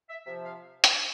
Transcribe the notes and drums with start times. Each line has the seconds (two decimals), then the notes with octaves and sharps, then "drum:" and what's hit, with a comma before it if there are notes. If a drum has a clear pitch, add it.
0.09 E5
0.26 C3 F3 E5
0.43 F5
0.84 drum: hi-hat